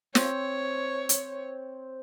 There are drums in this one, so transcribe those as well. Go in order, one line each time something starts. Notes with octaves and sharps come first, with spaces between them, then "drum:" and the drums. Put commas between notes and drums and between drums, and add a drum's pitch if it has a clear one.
C4 C#5, drum: snare
drum: hi-hat